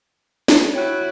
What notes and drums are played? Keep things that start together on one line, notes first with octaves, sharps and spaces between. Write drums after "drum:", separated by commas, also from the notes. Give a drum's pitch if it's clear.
drum: snare
E4 F#4 C#5 G5 F#6